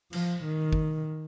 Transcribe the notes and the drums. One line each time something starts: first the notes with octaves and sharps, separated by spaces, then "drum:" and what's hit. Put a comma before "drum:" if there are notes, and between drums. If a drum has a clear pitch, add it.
F3, drum: cymbal
D#3
drum: kick